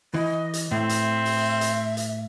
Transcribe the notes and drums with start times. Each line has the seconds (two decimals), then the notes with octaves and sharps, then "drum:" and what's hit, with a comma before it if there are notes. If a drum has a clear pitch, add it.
0.14 E3 D#5
0.54 drum: hi-hat
0.71 A2 C4 E5
0.89 drum: hi-hat
1.25 drum: open hi-hat
1.61 drum: hi-hat
1.97 drum: hi-hat